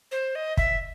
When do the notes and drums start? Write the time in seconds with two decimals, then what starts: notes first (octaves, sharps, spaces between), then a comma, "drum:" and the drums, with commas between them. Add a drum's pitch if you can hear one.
0.12 C5
0.35 D#5
0.57 E5, drum: kick